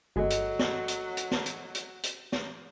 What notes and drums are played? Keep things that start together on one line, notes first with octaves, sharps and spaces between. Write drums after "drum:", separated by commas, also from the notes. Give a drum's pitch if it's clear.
G1 F#3 G#3 F#4 A4 D#5
drum: hi-hat
drum: snare
drum: hi-hat
drum: hi-hat
drum: snare
drum: hi-hat
drum: hi-hat
drum: hi-hat
drum: snare